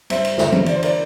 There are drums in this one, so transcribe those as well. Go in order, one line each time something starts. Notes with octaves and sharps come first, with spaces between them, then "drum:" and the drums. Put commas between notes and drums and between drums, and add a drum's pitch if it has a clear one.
G2 C5 E5, drum: cymbal
drum: cymbal
G1 C5 E5, drum: snare
drum: tom E3
G1 D5, drum: cymbal
C5
A#4 D5, drum: cymbal